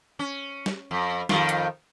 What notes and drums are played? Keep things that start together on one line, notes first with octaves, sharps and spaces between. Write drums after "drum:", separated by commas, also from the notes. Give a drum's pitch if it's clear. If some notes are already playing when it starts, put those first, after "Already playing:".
C#4
drum: snare
F2
F2 D#3 F4, drum: snare
drum: hi-hat